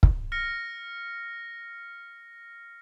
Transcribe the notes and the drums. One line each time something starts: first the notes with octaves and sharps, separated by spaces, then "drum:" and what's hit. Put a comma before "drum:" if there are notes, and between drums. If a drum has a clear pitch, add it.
drum: kick
F6 A#6 C#7